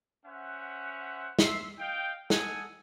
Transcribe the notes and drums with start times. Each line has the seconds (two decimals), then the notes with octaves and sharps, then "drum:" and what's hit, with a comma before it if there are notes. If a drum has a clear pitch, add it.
0.26 C#4 C5 E5 F#5
1.39 E5 C6, drum: snare
1.79 D#5 F5 G5
2.30 D#4 A4 F#5 G#5 D#6, drum: snare